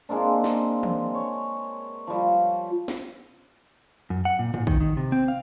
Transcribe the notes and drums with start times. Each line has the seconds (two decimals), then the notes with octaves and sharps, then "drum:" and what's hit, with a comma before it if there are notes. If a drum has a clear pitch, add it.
0.09 G#3 A#3 C4 D4
0.44 drum: snare
0.83 drum: tom
1.15 C#5
2.07 F3 G3
2.88 drum: snare
4.10 F#2
4.25 F#5
4.39 A#2
4.54 A#2, drum: tom
4.67 D#3, drum: kick
4.80 D#3
4.97 C3
5.12 C4
5.28 F5